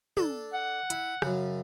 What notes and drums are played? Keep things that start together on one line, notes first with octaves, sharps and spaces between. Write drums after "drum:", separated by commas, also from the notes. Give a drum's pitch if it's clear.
D4 A4, drum: tom
F#5
E4, drum: hi-hat
F#2 C#3, drum: rim click